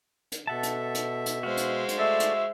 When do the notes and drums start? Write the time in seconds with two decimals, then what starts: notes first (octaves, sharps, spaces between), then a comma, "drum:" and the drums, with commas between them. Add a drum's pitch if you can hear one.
0.32 drum: hi-hat
0.47 B2 A4 E5 F#5 A5
0.63 drum: hi-hat
0.94 drum: hi-hat
1.26 drum: hi-hat
1.43 G#3 F#4 C5 F5
1.57 drum: hi-hat
1.88 drum: hi-hat
1.98 A3 A4 D5 E5
2.20 drum: hi-hat